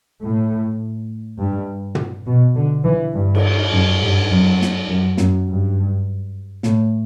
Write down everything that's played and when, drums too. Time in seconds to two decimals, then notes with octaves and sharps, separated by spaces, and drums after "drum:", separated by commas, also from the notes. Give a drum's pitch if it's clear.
0.23 A2
1.39 G2
1.95 drum: tom
2.26 B2
2.56 D3
2.85 E3
3.13 G2
3.35 drum: cymbal
3.72 F#2
4.01 G2
4.30 F#2
4.62 drum: snare
4.88 F#2
5.17 F#2, drum: snare
5.47 G2
6.63 A2, drum: snare